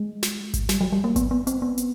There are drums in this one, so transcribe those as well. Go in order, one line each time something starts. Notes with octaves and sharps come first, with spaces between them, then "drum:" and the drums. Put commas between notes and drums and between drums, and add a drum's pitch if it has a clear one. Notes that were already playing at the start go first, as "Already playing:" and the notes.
Already playing: G#3
drum: snare
drum: kick G#1, hi-hat
G3, drum: snare
F#3
G3
A#3
B3, drum: kick G#1, hi-hat
B3
C4, drum: hi-hat
B3
drum: hi-hat